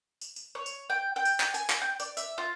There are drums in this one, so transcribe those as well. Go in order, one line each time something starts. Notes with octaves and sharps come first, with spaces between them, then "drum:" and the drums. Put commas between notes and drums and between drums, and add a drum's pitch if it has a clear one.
drum: tambourine
drum: tambourine
C#5
drum: tambourine
G5
G5
drum: tambourine
drum: clap
G#5, drum: tambourine
drum: clap
G5
D5, drum: tambourine
E5, drum: tambourine
F4